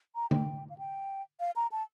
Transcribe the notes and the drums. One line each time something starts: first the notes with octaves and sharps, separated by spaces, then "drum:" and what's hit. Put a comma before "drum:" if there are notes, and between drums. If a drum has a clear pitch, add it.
A#5
G5, drum: tom D3
F5
G5
F5
A#5
A5